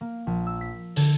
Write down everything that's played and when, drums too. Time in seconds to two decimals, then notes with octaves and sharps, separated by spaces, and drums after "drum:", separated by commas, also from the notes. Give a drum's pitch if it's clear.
0.01 A#3
0.27 A#1
0.47 E6
0.61 B6
0.96 D3, drum: open hi-hat